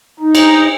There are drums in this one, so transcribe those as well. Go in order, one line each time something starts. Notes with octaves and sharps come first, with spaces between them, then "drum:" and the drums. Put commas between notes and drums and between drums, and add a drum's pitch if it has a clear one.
D#4
drum: cymbal